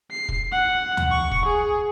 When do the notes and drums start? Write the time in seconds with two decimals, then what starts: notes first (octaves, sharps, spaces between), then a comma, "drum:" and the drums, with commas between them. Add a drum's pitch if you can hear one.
0.11 C7
0.29 drum: kick
0.52 F#5
0.97 drum: tom D2
1.10 C#6
1.31 drum: kick
1.45 G#4